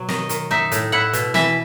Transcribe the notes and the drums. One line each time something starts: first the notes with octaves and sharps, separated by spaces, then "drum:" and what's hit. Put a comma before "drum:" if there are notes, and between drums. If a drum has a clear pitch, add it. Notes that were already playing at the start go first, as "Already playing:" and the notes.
Already playing: B2 F#3
D#3 D#5, drum: snare
D#3, drum: hi-hat
D#4 E5, drum: tom
A2, drum: hi-hat
E4 F#5
B2, drum: hi-hat
E3 E5, drum: snare